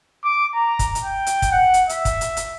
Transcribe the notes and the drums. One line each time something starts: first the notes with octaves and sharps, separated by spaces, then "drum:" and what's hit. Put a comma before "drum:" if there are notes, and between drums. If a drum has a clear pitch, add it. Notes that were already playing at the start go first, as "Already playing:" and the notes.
D6
A#5
drum: kick, hi-hat
drum: hi-hat
G5
drum: hi-hat
drum: kick, hi-hat
F#5
drum: hi-hat
E5, drum: hi-hat
drum: kick, hi-hat
drum: hi-hat
drum: hi-hat